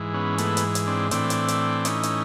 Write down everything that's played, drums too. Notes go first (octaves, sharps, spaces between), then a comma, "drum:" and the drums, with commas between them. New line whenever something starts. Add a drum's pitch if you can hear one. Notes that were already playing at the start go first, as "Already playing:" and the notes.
Already playing: G#2 E3
B3 C#4
A3 B3, drum: hi-hat
drum: hi-hat
drum: hi-hat
C4 D4
A2 E3 C4 D4, drum: hi-hat
drum: hi-hat
drum: hi-hat
C#4 D#4, drum: hi-hat
drum: hi-hat